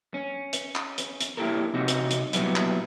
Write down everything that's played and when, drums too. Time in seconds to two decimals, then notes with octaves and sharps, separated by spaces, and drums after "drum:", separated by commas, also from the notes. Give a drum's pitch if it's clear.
0.14 C#4
0.53 drum: hi-hat
0.75 drum: clap
0.98 drum: hi-hat
1.21 drum: hi-hat
1.37 A#3 E4 F4 G4 A4 A#4
1.74 C3 C4 C#4 D#4 F#4
1.88 drum: hi-hat
2.11 drum: hi-hat
2.33 A#2 F#3 G3 B3 E4, drum: hi-hat
2.56 drum: clap